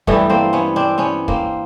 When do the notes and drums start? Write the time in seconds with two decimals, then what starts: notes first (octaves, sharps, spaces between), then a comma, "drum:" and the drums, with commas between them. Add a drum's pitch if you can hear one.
0.07 G2 E3 G3 A3 B3, drum: kick
0.30 A#3 C4
0.53 B3 C#4
0.76 C4 D4
0.98 B3 C#4
1.28 A#3 C4, drum: kick